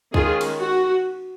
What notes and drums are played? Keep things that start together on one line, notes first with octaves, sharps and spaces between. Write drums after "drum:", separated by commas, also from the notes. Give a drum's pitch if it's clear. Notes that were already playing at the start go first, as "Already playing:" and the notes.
D#3 G#3 C#4 F4 G#4, drum: kick C2
drum: cymbal
F#4